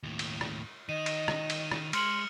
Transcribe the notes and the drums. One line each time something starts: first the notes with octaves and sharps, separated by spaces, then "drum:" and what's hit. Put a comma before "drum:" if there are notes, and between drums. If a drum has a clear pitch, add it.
D#2 A2
drum: cymbal
drum: rim click
D#3 D#5 D#7
drum: cymbal
drum: rim click
drum: cymbal
drum: rim click
G#3 C6 F6 C#7 F#7, drum: cymbal